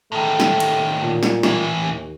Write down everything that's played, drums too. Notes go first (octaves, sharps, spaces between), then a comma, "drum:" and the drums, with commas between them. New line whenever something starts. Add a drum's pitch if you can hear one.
A2 D#3 A3
drum: snare
drum: cymbal
A#2
drum: snare
A2 E3, drum: snare
D#2